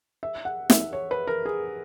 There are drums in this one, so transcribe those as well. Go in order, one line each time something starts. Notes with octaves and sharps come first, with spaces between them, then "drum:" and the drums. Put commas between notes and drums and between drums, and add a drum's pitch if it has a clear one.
E5
F#5
E5, drum: snare
C#5
B4
A#4
G#4